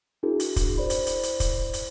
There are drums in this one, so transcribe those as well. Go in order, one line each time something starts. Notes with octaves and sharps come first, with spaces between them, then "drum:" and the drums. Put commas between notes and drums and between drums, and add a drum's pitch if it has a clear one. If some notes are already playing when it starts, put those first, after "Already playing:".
D4 E4 F#4 G#4 A#4
drum: hi-hat
drum: kick, hi-hat
E4 C5 D5 B5
drum: hi-hat
drum: hi-hat
drum: hi-hat
drum: kick, hi-hat
drum: hi-hat